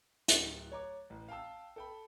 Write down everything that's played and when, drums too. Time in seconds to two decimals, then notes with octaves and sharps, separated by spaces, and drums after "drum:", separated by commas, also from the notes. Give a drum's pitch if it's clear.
0.28 D1 F#6 A6, drum: hi-hat
0.72 C#5 A#5 D6
1.10 A1
1.28 F5 G5 A5 E6
1.76 A4 G5 B5